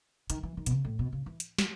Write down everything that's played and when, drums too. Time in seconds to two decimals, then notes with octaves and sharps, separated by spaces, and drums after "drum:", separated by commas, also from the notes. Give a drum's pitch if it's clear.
0.30 D#3, drum: hi-hat
0.43 E3
0.57 D#3
0.66 B2, drum: hi-hat
0.71 C#3
0.85 A2
0.99 B2
1.12 C#3
1.26 E3
1.40 drum: hi-hat
1.58 drum: snare